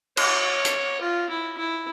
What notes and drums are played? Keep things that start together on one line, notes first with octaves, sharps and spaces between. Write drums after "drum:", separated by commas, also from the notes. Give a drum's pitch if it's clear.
C#5, drum: cymbal
drum: hi-hat
F4
E4
E4